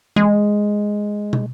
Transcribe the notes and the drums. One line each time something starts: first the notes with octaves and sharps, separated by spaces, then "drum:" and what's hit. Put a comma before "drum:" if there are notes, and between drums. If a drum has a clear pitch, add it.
G#3, drum: tom E3
drum: tom